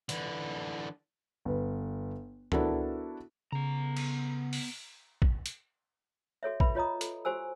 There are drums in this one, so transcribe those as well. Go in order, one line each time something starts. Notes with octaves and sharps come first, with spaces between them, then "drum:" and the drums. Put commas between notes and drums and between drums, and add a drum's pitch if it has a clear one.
D3 E3, drum: hi-hat
G1 B4
B3 D4 E4 F#4 A4 A#4, drum: tom
C#3 B3 A#5
drum: cymbal
drum: open hi-hat
drum: kick A#1
drum: hi-hat
F#4 A4 C#5 E5
B4 E5 B5, drum: kick A#1
F4 C#5 D#5 A#5 D#6
A4, drum: hi-hat
F#4 G4 C5 G#5 E6